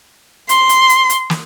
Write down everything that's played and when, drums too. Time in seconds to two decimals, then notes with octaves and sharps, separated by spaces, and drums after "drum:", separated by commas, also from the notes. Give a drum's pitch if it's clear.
0.49 C6, drum: hi-hat
0.69 drum: hi-hat
0.89 drum: hi-hat
1.10 drum: hi-hat
1.30 drum: snare